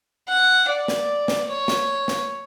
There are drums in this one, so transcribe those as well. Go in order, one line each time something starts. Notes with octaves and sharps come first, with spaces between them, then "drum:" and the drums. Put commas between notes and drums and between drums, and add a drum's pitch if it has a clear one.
F#5
D5
drum: snare
drum: snare
C#5
drum: snare
drum: snare